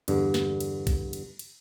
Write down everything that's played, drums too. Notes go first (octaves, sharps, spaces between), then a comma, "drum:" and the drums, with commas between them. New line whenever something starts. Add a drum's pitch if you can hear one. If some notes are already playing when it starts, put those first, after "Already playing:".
E2 G2 D3, drum: cymbal
drum: snare
drum: cymbal
drum: kick A#1, cymbal
drum: cymbal
drum: cymbal